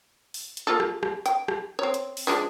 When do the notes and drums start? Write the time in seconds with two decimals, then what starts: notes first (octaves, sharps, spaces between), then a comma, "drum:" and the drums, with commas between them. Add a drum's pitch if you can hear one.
0.34 drum: open hi-hat
0.57 drum: hi-hat
0.67 A#3 F4 A4
0.80 drum: rim click
1.03 drum: rim click
1.26 G5, drum: hi-hat
1.48 drum: rim click
1.79 C4 C#5
1.94 drum: hi-hat
2.17 drum: open hi-hat
2.27 F3 G#3 D4